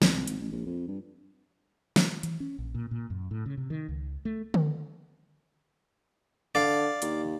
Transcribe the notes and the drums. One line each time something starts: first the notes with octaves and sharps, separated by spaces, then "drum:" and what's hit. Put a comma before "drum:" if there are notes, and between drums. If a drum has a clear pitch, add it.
C2, drum: snare
C2
G#1, drum: hi-hat
A1
A#1
F2
G2
drum: snare
E3, drum: hi-hat
C#4
A#1
A#2
A#2
F#2
A2
C#3
C3
D#3
C#2
A3
drum: tom D3
D3 D5 F5
D#2, drum: hi-hat